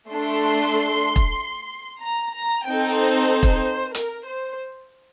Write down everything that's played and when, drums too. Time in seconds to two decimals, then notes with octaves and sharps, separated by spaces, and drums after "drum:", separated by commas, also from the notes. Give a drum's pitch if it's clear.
0.11 A3 D4 A4 C6
1.16 drum: kick E1
2.02 A#5
2.35 A#5
2.67 C4 D#4 A4 G5
2.99 C5
3.43 drum: kick E1
3.95 A#4, drum: hi-hat
4.26 C5